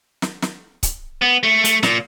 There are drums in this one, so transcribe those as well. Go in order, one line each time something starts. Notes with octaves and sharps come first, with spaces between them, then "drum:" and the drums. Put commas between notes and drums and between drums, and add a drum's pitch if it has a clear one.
drum: snare
drum: snare
drum: kick C#1, hi-hat
B3
A3
A3, drum: hi-hat
A#2, drum: snare